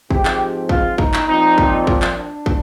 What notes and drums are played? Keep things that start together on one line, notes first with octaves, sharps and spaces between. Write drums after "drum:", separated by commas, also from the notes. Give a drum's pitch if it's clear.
G#2 F3 G#3 C4 G4, drum: kick
drum: clap
F4, drum: kick
D#4, drum: kick
drum: clap
A#2 F3 C4 D#4
drum: kick
drum: kick
drum: clap
D4
drum: kick